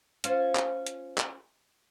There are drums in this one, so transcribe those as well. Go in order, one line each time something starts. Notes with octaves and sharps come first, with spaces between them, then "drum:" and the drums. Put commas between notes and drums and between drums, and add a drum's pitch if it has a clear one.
C#4 F4 C5, drum: hi-hat
drum: clap
drum: hi-hat
drum: clap